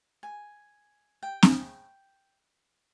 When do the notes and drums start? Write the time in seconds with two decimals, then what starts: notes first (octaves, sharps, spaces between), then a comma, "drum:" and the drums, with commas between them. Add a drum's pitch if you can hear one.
0.23 G#5
1.23 G5
1.43 drum: snare C4